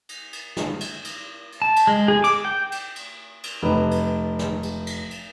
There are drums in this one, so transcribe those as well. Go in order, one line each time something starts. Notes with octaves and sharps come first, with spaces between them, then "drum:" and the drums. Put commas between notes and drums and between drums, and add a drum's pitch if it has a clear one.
drum: cymbal
drum: cymbal
drum: snare
drum: cymbal
drum: cymbal
drum: cymbal
A5
drum: cymbal
G#3
G#4
D6, drum: cymbal
G5
drum: cymbal
drum: cymbal
drum: cymbal
F1 B4
drum: cymbal
drum: snare
drum: cymbal
drum: cymbal
drum: cymbal